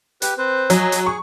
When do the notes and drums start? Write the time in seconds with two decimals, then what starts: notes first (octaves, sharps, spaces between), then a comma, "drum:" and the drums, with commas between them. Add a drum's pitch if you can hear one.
0.22 G4 B4, drum: hi-hat
0.38 C4 B4 C5
0.70 F#3 D#5 G#5, drum: hi-hat
0.92 drum: hi-hat
1.06 G#4 C#6